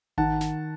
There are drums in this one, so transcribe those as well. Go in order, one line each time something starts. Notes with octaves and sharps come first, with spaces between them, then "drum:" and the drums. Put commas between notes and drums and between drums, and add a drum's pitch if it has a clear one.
D#3 F#5 A5, drum: kick G#1
drum: snare